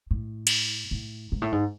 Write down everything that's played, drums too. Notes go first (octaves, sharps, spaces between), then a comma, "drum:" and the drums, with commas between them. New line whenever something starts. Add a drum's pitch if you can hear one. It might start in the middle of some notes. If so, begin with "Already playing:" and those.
A2
drum: cymbal
A2
G#2
A2
G#2